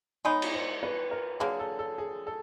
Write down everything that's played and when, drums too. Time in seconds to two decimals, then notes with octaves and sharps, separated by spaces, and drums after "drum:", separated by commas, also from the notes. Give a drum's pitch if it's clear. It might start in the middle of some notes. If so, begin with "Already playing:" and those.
0.25 G#3 B3 D#4 C#5
0.42 drum: cymbal
0.54 C5
0.83 B4
1.11 A#4
1.40 D3 F#3 A#3 G#4
1.59 A4
1.79 A4
1.98 G#4
2.27 A4